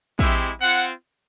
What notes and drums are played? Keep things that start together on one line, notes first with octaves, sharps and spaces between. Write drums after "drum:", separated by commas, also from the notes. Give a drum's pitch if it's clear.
G#3 C4 E4 G4 E5, drum: kick
C4 F4 F#5